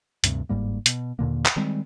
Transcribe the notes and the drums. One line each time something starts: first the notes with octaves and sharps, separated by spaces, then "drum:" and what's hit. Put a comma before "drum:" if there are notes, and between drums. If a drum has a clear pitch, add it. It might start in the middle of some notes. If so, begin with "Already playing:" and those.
D2 G2 C3, drum: hi-hat
G1 G#2 G3 A#3
B2, drum: hi-hat
D#2 A#2 D3 A#3
drum: clap
D#3 G3 G#3 C4